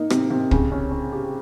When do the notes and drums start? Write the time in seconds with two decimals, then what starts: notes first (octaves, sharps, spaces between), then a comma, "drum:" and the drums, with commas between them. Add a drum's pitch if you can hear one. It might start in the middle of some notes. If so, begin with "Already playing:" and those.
Already playing: A#3 D#4
0.10 C3, drum: rim click
0.30 C3
0.51 C#3, drum: kick
0.71 C#4
0.91 C#4
1.12 G4